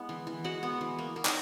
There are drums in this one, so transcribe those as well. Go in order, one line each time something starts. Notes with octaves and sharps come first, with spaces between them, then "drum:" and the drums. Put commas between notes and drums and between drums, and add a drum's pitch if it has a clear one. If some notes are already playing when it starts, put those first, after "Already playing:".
Already playing: G#3 B3 E4
E3
E3
G#3 F#4 F#5
B3
E3
A#3
A#3
D#4 D#5, drum: clap